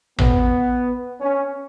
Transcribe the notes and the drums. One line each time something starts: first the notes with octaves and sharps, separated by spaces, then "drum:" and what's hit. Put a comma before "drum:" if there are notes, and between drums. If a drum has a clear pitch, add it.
B3, drum: tom A1
C#4